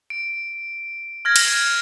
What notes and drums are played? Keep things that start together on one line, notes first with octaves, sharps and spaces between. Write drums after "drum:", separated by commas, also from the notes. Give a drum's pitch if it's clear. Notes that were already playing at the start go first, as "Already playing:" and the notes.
D7
F6 G#6 A#6
drum: cymbal